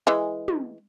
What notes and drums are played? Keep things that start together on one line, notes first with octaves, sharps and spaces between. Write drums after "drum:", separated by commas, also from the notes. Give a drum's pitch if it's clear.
E3 G#3
drum: tom